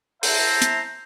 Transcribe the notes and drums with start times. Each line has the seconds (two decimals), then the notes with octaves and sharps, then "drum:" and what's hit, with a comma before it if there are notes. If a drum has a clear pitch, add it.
0.23 E4 C5 E5 A5 A#5, drum: open hi-hat
0.62 drum: hi-hat